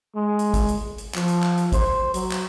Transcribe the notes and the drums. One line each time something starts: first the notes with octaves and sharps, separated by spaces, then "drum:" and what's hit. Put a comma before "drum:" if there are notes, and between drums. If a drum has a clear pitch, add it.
G#3
drum: hi-hat
drum: kick, hi-hat
drum: hi-hat
drum: hi-hat
F3, drum: clap
drum: hi-hat
drum: clap
drum: hi-hat
C5, drum: kick, hi-hat
F#3, drum: hi-hat
drum: clap